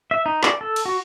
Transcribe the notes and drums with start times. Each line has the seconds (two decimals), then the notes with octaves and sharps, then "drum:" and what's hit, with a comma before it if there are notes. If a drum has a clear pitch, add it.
0.11 E5
0.26 D#4
0.43 D5, drum: clap
0.61 A4
0.76 drum: cymbal
0.85 F#4